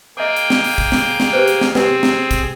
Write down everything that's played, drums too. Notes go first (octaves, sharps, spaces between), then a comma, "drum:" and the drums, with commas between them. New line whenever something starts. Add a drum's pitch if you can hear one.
A#3 G#4 D#5 G5 D6
drum: hi-hat
drum: snare
drum: open hi-hat
drum: kick
drum: snare
drum: snare
G4 B4 C5
drum: hi-hat
drum: snare
C4 G4 G#4 B4, drum: snare
drum: snare
drum: kick, hi-hat